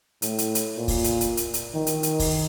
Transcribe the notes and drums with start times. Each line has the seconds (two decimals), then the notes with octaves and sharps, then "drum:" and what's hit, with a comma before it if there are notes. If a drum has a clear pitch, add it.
0.22 A2, drum: hi-hat
0.38 drum: hi-hat
0.55 drum: hi-hat
0.77 A#2
0.88 drum: kick, open hi-hat
1.04 drum: hi-hat
1.21 drum: hi-hat
1.37 drum: hi-hat
1.54 drum: hi-hat
1.74 D#3
1.87 drum: hi-hat
2.03 drum: hi-hat
2.19 drum: kick, open hi-hat